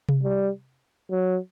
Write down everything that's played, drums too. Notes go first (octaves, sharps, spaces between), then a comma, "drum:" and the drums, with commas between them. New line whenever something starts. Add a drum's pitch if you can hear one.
drum: tom C3
G3
F#3